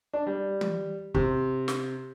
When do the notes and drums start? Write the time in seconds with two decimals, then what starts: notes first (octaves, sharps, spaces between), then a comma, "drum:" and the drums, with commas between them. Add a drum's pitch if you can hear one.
0.13 D4
0.27 G3
0.61 drum: tom
1.14 C3, drum: kick
1.68 drum: snare